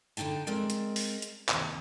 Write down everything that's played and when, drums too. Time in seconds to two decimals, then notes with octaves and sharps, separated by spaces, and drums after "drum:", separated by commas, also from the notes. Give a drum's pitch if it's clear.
0.17 D3 D#4 F4 G5 A5
0.47 G#3 C4 A#4 D5
0.70 drum: hi-hat
0.96 drum: open hi-hat
1.22 drum: hi-hat
1.49 D#2 C3, drum: clap